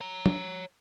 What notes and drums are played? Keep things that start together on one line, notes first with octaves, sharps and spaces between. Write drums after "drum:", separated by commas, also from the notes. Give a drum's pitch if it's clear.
C#5 A#5
drum: tom